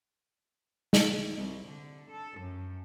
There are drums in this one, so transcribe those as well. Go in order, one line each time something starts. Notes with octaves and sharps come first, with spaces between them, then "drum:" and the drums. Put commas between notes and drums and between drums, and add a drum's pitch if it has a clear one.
drum: snare
C2
D3
A4
F#2